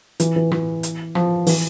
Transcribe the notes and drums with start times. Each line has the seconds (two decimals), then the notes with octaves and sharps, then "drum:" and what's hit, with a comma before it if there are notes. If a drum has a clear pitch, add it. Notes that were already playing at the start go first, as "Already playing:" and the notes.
0.20 E3, drum: hi-hat
0.36 E3
0.52 E3, drum: rim click
0.83 drum: hi-hat
1.15 F3, drum: rim click
1.47 E3, drum: open hi-hat